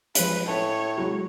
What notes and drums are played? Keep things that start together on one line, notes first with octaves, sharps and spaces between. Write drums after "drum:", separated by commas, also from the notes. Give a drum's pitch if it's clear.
F3 G#3 B4, drum: hi-hat
A2 C#5 A5
F#3 G#3 E4